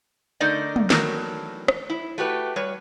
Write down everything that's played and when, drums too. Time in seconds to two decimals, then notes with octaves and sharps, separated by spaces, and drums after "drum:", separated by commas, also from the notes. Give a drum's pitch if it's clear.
0.40 D3 A3 D#4 A#4 D5 D#5
0.76 drum: tom
0.90 D#3 E3 F#3 A3 A#4, drum: snare
1.68 drum: rim click
1.90 E4
2.18 A3 F#4 G4 B4
2.56 G3 B4 C#5